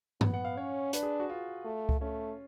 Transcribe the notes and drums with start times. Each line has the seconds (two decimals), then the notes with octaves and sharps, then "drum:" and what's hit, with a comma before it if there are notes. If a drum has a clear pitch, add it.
0.21 B3 F#5, drum: tom G2
0.34 F#5
0.45 F5
0.57 C#4 C#5
0.93 D4 B4, drum: hi-hat
1.03 G#4
1.20 F#4
1.30 F4
1.65 A3
1.89 drum: kick C#2
2.01 A3 C#4